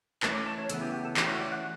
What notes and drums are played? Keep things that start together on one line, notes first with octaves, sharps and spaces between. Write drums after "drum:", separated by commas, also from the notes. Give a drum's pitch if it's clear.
E3 A3 C#4 A5, drum: clap
D6
A5
C#5
C#3 E3 B3 A4, drum: hi-hat
G4
G4
A4
E3 A3 C#4 G4, drum: clap
F#4
C#5
D5
F#5